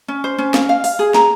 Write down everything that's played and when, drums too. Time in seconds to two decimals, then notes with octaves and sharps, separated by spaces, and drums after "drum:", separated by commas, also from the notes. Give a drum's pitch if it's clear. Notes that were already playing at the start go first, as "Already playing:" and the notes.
0.08 C#4
0.24 C5
0.38 C#4
0.54 F5, drum: snare
0.69 F5
0.84 F5, drum: open hi-hat
0.99 G#4
1.14 A#5, drum: snare